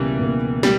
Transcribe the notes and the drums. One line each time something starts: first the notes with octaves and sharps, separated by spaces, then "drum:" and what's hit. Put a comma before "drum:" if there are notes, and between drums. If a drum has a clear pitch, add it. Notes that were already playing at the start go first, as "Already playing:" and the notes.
Already playing: C#2 B2 E3 G3 A#3
B2 A#3
G3, drum: snare